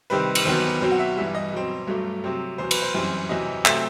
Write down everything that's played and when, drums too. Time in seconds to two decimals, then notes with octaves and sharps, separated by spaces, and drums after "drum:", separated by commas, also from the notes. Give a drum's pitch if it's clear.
0.10 C3 D#3 G3 C4 B4
0.35 drum: cymbal
0.45 E2 D#3 F#3 B3 C5
0.81 B2 F#3 C4 C5
0.92 F#5
0.99 E5
1.16 G2 E3 G3 E5
1.35 D#5
1.52 B2 F#3 C4
1.87 G2 F#3 A3
2.24 C3 F#3 C4
2.58 E2 B2 F#3 C5
2.71 B4, drum: cymbal
2.82 C5
2.94 F#2 E3 G3 C4
3.29 E2 C3 F#3 D#5
3.65 C3 F#3 A3 C4 E5, drum: clap